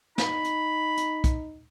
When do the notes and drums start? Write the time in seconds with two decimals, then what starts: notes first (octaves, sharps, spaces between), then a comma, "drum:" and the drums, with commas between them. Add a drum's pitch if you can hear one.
0.18 D#4 B5, drum: snare
0.44 drum: hi-hat
0.97 drum: hi-hat
1.24 drum: kick, hi-hat